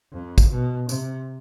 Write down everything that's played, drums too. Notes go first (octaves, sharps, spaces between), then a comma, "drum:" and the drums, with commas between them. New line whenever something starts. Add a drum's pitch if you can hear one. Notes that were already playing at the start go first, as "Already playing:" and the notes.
F2
drum: kick, tambourine
B2
C3, drum: tambourine